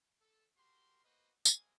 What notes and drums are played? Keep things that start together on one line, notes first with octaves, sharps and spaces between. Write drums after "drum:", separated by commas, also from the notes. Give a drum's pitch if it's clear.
A4
F#4 G4 A#4 C6
A#3 B3 F#4 B4 C5 D#5
G3 G#3 A#3 C4 D#5 G#5, drum: tambourine